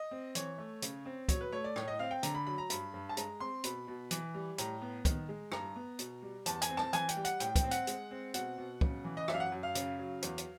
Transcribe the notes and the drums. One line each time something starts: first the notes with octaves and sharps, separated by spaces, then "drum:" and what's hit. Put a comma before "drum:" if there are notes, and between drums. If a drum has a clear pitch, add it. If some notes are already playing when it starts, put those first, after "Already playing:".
Already playing: D#5
C4
E3 C#5, drum: hi-hat
A3
C#3, drum: hi-hat
C4
F#3 C#5, drum: kick, hi-hat
B4
A3 C#5
D5
A2 C#5, drum: rim click
D#5
C4 F5
G5
D3 A#5, drum: hi-hat
B5
F#3 B5
A#5
G2 B5, drum: hi-hat
G2
A5
G#3 A#5, drum: hi-hat
C4 C6
B2 B5, drum: hi-hat
B2
E3, drum: hi-hat
G3
A2 A#5, drum: hi-hat
B3
D#3, drum: kick, hi-hat
G#3
G2 A#5, drum: rim click
B3
B2, drum: hi-hat
G3
E2 A5, drum: hi-hat
G#5, drum: hi-hat
C4
A5, drum: rim click
E3 G#5, drum: hi-hat
G5, drum: hi-hat
G3
F#5, drum: hi-hat
A2 G5, drum: hi-hat
G5, drum: kick, hi-hat
C4
F#5, drum: hi-hat
G#3, drum: hi-hat
C4
B2 F#5, drum: hi-hat
B2
C#3, drum: kick
E3
D#5
F#2 E5, drum: rim click
F5
F#5
F#2
F5
C#3, drum: hi-hat
F#3
E2, drum: hi-hat
drum: hi-hat